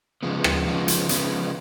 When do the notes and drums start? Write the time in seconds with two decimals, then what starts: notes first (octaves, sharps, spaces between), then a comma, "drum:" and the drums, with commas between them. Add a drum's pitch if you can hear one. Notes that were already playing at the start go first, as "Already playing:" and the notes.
0.23 C#3 F3 G#3 B3
0.44 drum: rim click
0.67 C#3 F3 G#3 B3
0.88 drum: hi-hat
1.09 C#3 F3 G#3 B3, drum: hi-hat